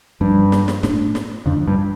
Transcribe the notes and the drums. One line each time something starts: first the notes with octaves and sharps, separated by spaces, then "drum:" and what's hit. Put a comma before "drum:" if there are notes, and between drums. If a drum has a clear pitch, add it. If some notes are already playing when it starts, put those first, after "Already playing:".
G2 F3 D4
drum: snare
drum: snare
A2 A3 D4, drum: snare
drum: snare
F2 D3 F3 D4
G2